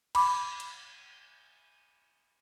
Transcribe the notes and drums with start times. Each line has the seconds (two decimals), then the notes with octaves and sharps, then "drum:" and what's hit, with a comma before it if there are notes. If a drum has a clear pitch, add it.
0.15 B5 D6, drum: cymbal
0.60 drum: hi-hat